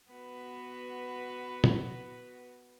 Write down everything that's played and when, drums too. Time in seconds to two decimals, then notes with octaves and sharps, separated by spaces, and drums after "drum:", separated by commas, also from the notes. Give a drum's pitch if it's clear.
0.11 B3 F#4 B4
1.64 drum: tom A#2